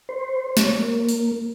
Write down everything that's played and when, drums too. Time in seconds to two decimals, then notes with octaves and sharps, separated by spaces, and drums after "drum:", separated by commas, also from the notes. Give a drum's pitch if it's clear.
0.09 C5
0.57 C#5, drum: snare
0.79 A#3
1.09 drum: open hi-hat